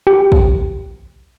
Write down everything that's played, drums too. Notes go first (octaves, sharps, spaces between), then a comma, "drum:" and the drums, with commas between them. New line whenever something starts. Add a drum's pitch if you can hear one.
G4
drum: kick